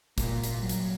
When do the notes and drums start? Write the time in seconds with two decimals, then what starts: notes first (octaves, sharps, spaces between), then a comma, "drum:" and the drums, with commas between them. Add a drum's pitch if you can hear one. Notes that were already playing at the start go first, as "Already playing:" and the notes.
0.18 A#2, drum: kick, hi-hat
0.44 drum: hi-hat
0.60 F#3 G3
0.69 drum: hi-hat